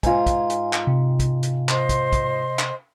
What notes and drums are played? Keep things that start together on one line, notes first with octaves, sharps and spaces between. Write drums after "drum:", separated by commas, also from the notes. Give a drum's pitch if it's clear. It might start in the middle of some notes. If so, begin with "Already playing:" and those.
G#2 F4 G#5, drum: kick, hi-hat
drum: kick, hi-hat
drum: hi-hat
drum: clap
C3
drum: kick, hi-hat
drum: hi-hat
C5 D#5 C6, drum: clap
drum: kick, hi-hat
drum: kick, hi-hat
drum: clap